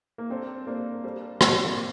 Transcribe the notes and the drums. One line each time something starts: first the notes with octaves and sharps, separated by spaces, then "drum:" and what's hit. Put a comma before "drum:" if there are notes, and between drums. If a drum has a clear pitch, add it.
A#3
G3 C4 D4 A4 C5
G3 A#3 D4 A4 C5
G3 D4 A4 C5
G3 A#3 D4 A4 C5, drum: rim click
C4
A#3